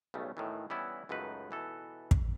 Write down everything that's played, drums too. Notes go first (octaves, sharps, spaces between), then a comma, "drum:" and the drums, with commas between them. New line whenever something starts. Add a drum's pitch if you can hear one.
B1 C#3 G3 A3
A2 D#3 E3
E3 G3 B3 C#4 E4
C#2 F#2 A3 D#4 B4
B2 E3 A4
drum: kick